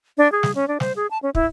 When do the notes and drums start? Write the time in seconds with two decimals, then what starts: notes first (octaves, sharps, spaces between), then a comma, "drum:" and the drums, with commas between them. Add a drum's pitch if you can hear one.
0.18 D4
0.32 G#4
0.43 drum: snare
0.55 C#4
0.68 D4
0.80 C5, drum: snare
0.96 G#4
1.11 A5
1.23 C#4
1.35 E4, drum: kick